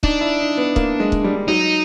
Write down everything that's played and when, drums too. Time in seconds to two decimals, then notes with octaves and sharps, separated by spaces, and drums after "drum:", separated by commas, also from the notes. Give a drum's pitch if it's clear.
0.03 D4 D#4, drum: kick C#1
0.21 E4
0.40 D#4
0.57 B3
0.76 A#3, drum: kick C#1
1.00 G#3
1.12 drum: kick C#1
1.24 G3
1.48 F#3 D#4